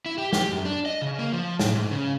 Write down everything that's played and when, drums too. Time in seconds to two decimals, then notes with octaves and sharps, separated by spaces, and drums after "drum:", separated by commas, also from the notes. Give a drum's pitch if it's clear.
0.06 E4
0.18 G4
0.33 G4, drum: snare
0.52 F#2
0.65 D4
0.86 D#5
1.02 C#3
1.19 A#3
1.32 F3
1.59 A2, drum: snare
1.75 G#2
1.91 C#3